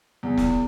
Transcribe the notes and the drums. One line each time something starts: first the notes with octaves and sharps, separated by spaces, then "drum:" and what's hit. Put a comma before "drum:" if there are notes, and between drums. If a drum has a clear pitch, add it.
E2
drum: snare